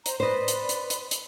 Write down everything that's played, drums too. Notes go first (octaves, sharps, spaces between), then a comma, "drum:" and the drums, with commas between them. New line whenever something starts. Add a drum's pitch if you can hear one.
C5 A#5, drum: hi-hat
B4 C5 D5 D#5
drum: hi-hat
drum: hi-hat
drum: hi-hat
drum: hi-hat